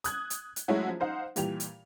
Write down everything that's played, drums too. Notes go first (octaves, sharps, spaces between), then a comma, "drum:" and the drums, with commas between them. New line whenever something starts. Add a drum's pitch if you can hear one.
D#6 F#6 G#6, drum: hi-hat
drum: hi-hat
drum: hi-hat
F#3 G#3 A3 C#4 E4 F#4
F3
D#4 C5 F5 F#5
A#2 E3 G3 G4 F7, drum: hi-hat
drum: hi-hat